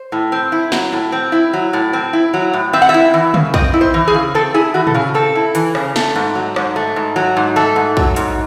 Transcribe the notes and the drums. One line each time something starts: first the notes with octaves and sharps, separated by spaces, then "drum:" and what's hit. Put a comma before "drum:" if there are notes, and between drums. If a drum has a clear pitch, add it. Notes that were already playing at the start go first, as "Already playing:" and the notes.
Already playing: C5
A2
C4
E4
F#3, drum: snare
A2
C4
E4
F#3
A2
C4
E4
F#3
A2
C4 E5
F#5
E5
E4
E3
C#3, drum: tom
C4 D#5, drum: kick
E4
C5
E3
G#4
C#3
C4 A4
E4 G#4
E3 F#4
A4, drum: tom
C#3 G#4
C4 A4
E4
E3, drum: hi-hat
C#3, drum: rim click
A3, drum: snare
G#2
F#3
G#2, drum: rim click
A3
G#2
F#3
G#2
A3 A4
G#2
F#3, drum: kick
G#2, drum: hi-hat